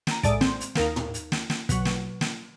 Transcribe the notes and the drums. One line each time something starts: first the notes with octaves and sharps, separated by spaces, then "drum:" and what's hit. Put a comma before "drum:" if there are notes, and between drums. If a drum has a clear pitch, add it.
A#5 D#7, drum: snare
A2 G#3 D5 A5 A6 D7, drum: kick, hi-hat
C4, drum: snare
drum: hi-hat
D#2 A#4 F5, drum: snare
drum: tom
drum: hi-hat
drum: snare
drum: snare
B2 F#3, drum: kick, hi-hat
drum: snare
drum: snare